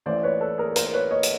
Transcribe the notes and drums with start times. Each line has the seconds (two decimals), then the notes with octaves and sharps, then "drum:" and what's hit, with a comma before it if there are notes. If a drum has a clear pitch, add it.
0.06 A1 A2 E3 C5 D5
0.23 B4 C#5
0.41 A4 B4
0.58 G#4 A#4
0.76 A#4 C5, drum: hi-hat
0.94 B4 C#5
1.11 C#5 D#5
1.23 drum: hi-hat